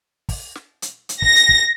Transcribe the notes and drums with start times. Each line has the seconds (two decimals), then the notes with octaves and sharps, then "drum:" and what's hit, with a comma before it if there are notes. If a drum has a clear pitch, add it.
0.29 drum: kick, open hi-hat
0.55 drum: snare
0.82 drum: hi-hat
1.09 drum: hi-hat
1.22 A#6, drum: kick
1.36 drum: hi-hat
1.49 drum: kick